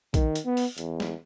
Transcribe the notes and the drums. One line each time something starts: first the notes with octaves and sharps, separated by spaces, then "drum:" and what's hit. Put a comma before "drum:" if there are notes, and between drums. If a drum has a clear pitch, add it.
D#3, drum: kick A#1, hi-hat
drum: hi-hat
B3
drum: open hi-hat
E2, drum: hi-hat
drum: snare